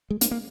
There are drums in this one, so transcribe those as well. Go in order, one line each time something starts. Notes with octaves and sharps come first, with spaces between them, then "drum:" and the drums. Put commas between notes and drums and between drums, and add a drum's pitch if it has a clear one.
G#3
A#3, drum: hi-hat
A#3